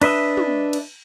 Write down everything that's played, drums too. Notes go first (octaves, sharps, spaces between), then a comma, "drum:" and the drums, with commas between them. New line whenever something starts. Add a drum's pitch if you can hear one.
D4 B4 D#5 E5, drum: cymbal
drum: tom
drum: cymbal